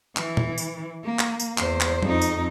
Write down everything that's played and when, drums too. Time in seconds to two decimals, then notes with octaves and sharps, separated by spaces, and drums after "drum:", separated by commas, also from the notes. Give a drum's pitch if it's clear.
0.17 E3, drum: clap
0.37 drum: tom
0.58 drum: tambourine
1.04 A#3
1.19 drum: clap
1.40 drum: tambourine
1.58 E2 C5, drum: clap
1.81 drum: clap
2.03 F2 D#4, drum: tom
2.22 drum: tambourine